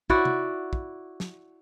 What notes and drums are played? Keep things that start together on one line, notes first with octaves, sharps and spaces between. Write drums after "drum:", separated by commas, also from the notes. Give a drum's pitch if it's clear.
E4 F#4 D5, drum: kick
drum: tom
drum: kick
drum: snare